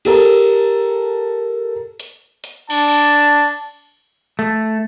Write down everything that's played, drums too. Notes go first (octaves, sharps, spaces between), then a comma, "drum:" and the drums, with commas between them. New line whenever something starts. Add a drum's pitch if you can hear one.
G4 A4 A#4, drum: cymbal
drum: hi-hat
drum: hi-hat
D4 A5, drum: cymbal
drum: cymbal
A3